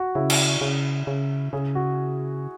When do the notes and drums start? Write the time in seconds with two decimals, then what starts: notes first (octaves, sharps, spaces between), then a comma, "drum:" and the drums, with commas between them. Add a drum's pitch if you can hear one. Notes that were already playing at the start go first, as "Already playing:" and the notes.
Already playing: F#4
0.15 C#3 E4
0.30 drum: cymbal
0.61 C#3
1.07 C#3
1.53 C#3 G#4
1.75 F#4